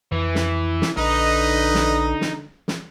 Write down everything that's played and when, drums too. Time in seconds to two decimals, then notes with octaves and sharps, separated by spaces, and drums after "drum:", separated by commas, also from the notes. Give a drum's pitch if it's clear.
0.12 F2 E3
0.35 drum: snare
0.82 drum: snare
0.97 A#1 D3 D#4 B4 D#5
1.75 drum: snare
2.21 drum: snare
2.68 drum: snare